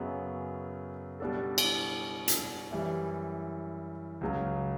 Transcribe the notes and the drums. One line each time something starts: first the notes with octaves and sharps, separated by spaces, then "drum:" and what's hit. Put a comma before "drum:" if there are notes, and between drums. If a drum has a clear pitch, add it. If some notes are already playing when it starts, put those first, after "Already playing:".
Already playing: F#2 C#3 F#3 B3
B2 G3 D4 A4
drum: cymbal
drum: hi-hat
F#2 E3 G3
C#2 C#3 F#3